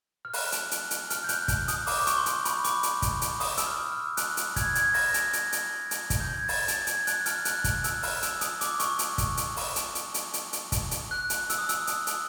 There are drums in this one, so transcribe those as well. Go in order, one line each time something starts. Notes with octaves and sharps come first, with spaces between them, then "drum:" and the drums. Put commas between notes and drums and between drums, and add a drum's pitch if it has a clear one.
F6
F#6, drum: open hi-hat
drum: hi-hat
drum: hi-hat
drum: hi-hat
F6, drum: hi-hat
G6
F#6, drum: hi-hat
G6, drum: kick, hi-hat
D#6, drum: hi-hat
D6, drum: open hi-hat
D6
C#6, drum: hi-hat
C6
C#6, drum: hi-hat
B5, drum: hi-hat
D6, drum: hi-hat
drum: hi-hat
drum: kick, hi-hat
drum: hi-hat
D#6, drum: open hi-hat
E6, drum: hi-hat
F6
F6
F#6, drum: hi-hat
drum: hi-hat
G#6, drum: kick, hi-hat
G#6, drum: hi-hat
A#6, drum: open hi-hat
drum: hi-hat
drum: hi-hat
drum: hi-hat
drum: hi-hat
drum: kick, hi-hat
G6
G#6
A6, drum: open hi-hat
A6, drum: hi-hat
G#6, drum: hi-hat
F#6, drum: hi-hat
F6, drum: hi-hat
F#6, drum: hi-hat
F#6, drum: kick, hi-hat
E6, drum: hi-hat
F6, drum: open hi-hat
E6, drum: hi-hat
D#6, drum: hi-hat
D6, drum: hi-hat
C#6, drum: hi-hat
drum: hi-hat
drum: kick, hi-hat
drum: hi-hat
drum: open hi-hat
drum: hi-hat
drum: hi-hat
drum: hi-hat
drum: hi-hat
drum: hi-hat
drum: kick, hi-hat
drum: hi-hat
F#6
drum: hi-hat
E6, drum: hi-hat
D#6
E6, drum: hi-hat
D#6, drum: hi-hat
drum: hi-hat